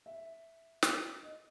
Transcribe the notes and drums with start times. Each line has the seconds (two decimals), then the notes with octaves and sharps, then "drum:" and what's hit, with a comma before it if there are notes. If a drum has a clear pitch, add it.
0.06 E5
0.83 drum: snare
1.23 D#5